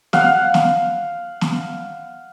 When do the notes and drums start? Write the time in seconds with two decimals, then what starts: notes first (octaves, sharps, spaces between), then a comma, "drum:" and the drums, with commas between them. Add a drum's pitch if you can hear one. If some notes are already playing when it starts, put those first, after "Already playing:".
0.13 F5 F#5, drum: snare
0.54 drum: snare
1.41 drum: snare